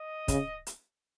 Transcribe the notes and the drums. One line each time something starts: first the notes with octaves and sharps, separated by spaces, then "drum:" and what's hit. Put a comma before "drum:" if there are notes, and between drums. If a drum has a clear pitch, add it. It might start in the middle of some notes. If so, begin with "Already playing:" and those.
Already playing: D#5
C#3, drum: kick, hi-hat
drum: hi-hat